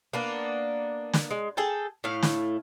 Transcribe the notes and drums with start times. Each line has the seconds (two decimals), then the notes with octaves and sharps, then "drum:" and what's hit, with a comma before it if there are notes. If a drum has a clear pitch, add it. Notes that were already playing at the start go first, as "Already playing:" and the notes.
0.13 A#3 B3 D4
1.13 drum: snare
1.31 G#3
1.57 G#4 A4 G5 A5
2.04 A2 A3 E4 F5
2.23 drum: snare